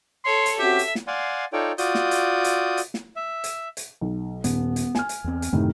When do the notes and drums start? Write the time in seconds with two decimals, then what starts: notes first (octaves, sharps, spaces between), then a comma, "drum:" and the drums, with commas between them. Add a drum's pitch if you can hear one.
0.25 A4 C#5 C6
0.46 drum: hi-hat
0.59 C4 C#4 F#4 G4 E5
0.79 drum: hi-hat
0.95 drum: snare
1.07 D5 F5 F#5 G#5 C6
1.53 D#4 F4 A4 C#5 D5 G5
1.78 F4 F#4 D5 D#6 G6, drum: hi-hat
1.95 drum: snare
2.11 drum: hi-hat
2.44 drum: hi-hat
2.77 drum: hi-hat
2.94 drum: snare
3.16 E5
3.44 drum: hi-hat
3.77 drum: hi-hat
4.01 B1
4.44 D#1 B3, drum: hi-hat
4.76 drum: hi-hat
4.95 G#5 F6, drum: snare
5.09 drum: hi-hat
5.24 E2 C4
5.42 drum: hi-hat
5.53 F#2 A2 C3 D#3